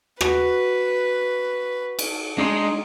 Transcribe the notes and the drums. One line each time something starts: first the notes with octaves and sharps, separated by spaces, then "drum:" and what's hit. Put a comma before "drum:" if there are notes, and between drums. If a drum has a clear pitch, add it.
F#4 B4, drum: rim click
drum: cymbal
G#3 D4 D#4 C6